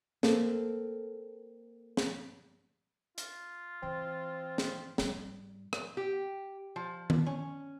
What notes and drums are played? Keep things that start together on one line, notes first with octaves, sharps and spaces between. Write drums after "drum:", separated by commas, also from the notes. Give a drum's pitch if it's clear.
A#3 C4 A4, drum: snare
drum: snare
F4, drum: hi-hat
E3 C4
drum: snare
G#2 G3, drum: snare
drum: rim click
G4
F3
drum: tom D#3
C#4